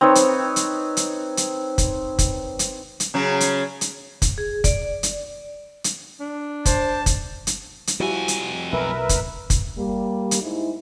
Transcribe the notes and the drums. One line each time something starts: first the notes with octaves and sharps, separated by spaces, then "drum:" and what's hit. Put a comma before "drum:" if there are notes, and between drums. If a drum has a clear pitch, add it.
C4 D#4 B4 C#5
drum: hi-hat
drum: hi-hat
drum: hi-hat
drum: hi-hat
drum: kick, hi-hat
drum: kick, hi-hat
drum: hi-hat
drum: hi-hat
C#3 F#3
drum: hi-hat
drum: hi-hat
drum: kick, hi-hat
G#4
D5, drum: kick, hi-hat
drum: hi-hat
drum: hi-hat
D4
C5 A5, drum: kick, hi-hat
drum: kick, hi-hat
drum: hi-hat
drum: hi-hat
F2 F3 G3 E4 F#4 G#5
drum: hi-hat
B1 A#4 B4 E5
drum: kick, hi-hat
drum: kick, hi-hat
G3 A#3
drum: hi-hat
G#2 E4